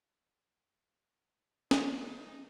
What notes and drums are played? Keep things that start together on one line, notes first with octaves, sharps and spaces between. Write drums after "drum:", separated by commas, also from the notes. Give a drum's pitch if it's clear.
D#4, drum: snare